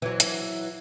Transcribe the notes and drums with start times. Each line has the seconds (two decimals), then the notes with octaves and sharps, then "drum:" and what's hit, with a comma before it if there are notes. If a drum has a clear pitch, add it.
0.02 E3 F#3
0.20 drum: hi-hat